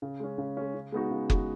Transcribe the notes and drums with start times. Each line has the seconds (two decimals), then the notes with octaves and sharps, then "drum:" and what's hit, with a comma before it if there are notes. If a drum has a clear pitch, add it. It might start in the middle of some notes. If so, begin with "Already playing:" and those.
0.02 C#3
0.20 G#3 C#4
0.38 C#3
0.57 G#3 C#4
0.74 C#3
0.92 G#3 B3 D#4 F#4
1.11 C#3
1.30 G#3 B3 D#4 F#4, drum: kick F#1